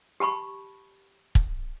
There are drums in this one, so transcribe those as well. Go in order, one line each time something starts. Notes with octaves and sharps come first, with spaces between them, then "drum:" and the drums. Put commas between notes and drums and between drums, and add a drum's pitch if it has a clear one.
G4 A5 B5 C#6
drum: kick